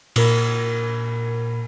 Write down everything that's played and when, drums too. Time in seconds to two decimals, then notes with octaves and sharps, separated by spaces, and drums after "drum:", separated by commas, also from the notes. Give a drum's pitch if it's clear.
0.16 A#2 A#4 B5, drum: cymbal